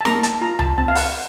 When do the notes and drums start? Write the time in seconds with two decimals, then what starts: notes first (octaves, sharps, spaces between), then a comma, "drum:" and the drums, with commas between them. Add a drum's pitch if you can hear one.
0.01 A5
0.05 A#3 A#5, drum: snare
0.23 A5, drum: hi-hat
0.41 F4 A#5
0.59 A5, drum: tom C#2
0.78 C4 A5
0.88 F5
0.95 F#5, drum: open hi-hat